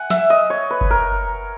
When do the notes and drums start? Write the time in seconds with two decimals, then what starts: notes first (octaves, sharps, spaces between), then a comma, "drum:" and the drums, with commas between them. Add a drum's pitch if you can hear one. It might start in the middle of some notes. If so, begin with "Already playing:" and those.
Already playing: F#5 G#5
0.10 E5, drum: snare
0.30 D#5
0.50 C#5
0.70 B4
0.81 drum: kick G1
0.90 A#4